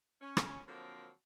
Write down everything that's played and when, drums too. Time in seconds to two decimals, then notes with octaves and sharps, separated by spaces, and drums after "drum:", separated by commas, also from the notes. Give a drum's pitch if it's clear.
0.21 C#4
0.37 drum: rim click
0.67 D3 F3 F#3 A#3 C4 A#4